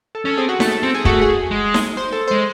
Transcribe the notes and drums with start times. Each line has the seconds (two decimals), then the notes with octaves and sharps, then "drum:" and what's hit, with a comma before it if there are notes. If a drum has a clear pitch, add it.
0.15 A4
0.25 C#4 A4
0.37 C4 G#4
0.49 F#4
0.60 A3 A4, drum: snare D#4
0.72 A4
0.83 C4 A4
0.94 G#4
1.05 A3 F#4, drum: kick
1.21 G#4
1.51 G#3
1.74 drum: snare D#4
1.97 C5
2.12 A4
2.28 G#3 C5